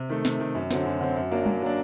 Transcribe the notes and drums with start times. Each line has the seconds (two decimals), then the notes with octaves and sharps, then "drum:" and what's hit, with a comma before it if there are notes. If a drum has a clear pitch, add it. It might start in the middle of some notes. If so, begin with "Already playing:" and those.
Already playing: C3
0.09 D#3 A3
0.25 C3, drum: snare
0.40 D#3 A3
0.55 F#2
0.71 D3 F#3 C4, drum: snare
0.85 F#2
1.01 D3 F#3 C4
1.16 F#2
1.31 F#3 A#3 D4
1.46 F#2, drum: tom
1.62 F#3 A#3 D4